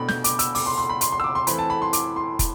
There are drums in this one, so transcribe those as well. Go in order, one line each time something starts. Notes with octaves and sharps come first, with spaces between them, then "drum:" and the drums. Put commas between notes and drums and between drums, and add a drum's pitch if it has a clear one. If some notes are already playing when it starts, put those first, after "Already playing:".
Already playing: B2 A3 D4 B5
G6, drum: snare
D6, drum: hi-hat
E6, drum: hi-hat
D6, drum: open hi-hat
C6
C6
B5
C6, drum: hi-hat
C6
E6
D6
C6
E3 A3 C4 B5, drum: hi-hat
A5
B5
C6
D6, drum: hi-hat
C6
drum: kick, hi-hat